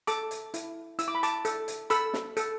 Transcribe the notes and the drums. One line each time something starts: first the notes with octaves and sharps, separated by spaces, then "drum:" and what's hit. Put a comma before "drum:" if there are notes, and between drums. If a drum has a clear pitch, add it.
A4 A5 D6, drum: hi-hat
drum: hi-hat
E4, drum: hi-hat
E4 E6, drum: hi-hat
D6
B5
A5 D6, drum: hi-hat
A4, drum: hi-hat
drum: hi-hat
A4 B5 E6, drum: hi-hat
drum: snare
A4, drum: hi-hat